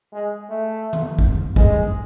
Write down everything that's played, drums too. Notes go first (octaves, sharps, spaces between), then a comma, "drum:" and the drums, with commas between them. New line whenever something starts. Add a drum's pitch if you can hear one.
G#3
A3
drum: tom D#3
drum: kick
G#3, drum: kick